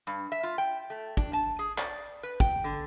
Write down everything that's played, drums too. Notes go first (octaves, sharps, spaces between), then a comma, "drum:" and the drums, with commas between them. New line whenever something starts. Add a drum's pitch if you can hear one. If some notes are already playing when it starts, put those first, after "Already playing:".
G2
E5
F4
G5
A3
D4, drum: kick
A5
G#4
D5, drum: clap
B4
G5, drum: kick
D3